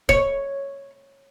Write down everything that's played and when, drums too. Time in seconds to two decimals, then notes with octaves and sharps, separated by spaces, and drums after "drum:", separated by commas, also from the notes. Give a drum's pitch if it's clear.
0.09 C#5, drum: kick